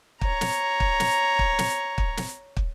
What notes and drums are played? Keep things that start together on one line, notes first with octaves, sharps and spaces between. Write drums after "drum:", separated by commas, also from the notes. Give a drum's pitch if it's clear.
C#5 A#5, drum: kick
drum: snare
drum: kick
drum: snare
drum: kick
drum: snare
drum: kick
drum: snare
drum: kick